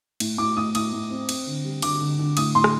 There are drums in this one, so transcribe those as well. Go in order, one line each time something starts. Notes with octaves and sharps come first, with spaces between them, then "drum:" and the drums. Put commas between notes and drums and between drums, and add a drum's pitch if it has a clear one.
A2, drum: cymbal
A2 D6
A2 D#6
A2 D#6, drum: cymbal
A2
C4
C4, drum: cymbal
D3
G3
D3 D6, drum: cymbal
D3
D3
A2 D#6, drum: cymbal
A2 C6
drum: rim click